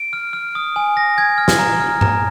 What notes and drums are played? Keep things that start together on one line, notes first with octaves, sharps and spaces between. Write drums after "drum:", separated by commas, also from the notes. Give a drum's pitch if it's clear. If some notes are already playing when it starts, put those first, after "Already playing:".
Already playing: D7
F6
F6
D#6
G#5
D#6 A#6
G#5 G#6
F6
drum: snare
A#5
F6
A#5, drum: tom G2